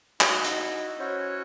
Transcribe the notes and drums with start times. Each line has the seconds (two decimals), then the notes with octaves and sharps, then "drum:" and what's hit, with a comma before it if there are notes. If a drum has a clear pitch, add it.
0.21 D#4 E4 F#4, drum: clap
0.44 drum: hi-hat
0.99 C#4 E4 F#4 C5 C#5